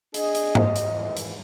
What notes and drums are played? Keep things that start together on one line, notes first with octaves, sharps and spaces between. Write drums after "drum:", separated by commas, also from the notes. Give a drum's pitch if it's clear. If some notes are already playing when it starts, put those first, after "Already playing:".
D4 G#4 D#5, drum: hi-hat
drum: hi-hat
drum: tom G#2
drum: hi-hat
G#2 D#3 E3
drum: hi-hat